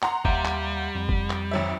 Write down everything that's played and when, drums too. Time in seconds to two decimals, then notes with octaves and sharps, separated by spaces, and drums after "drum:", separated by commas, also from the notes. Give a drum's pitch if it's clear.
0.02 F#5 A#5 C6, drum: clap
0.25 D#2 G3 E5 F5, drum: kick F1
0.45 drum: clap
0.95 F2
1.09 drum: kick F1
1.30 drum: clap
1.51 G#1 F#3 E5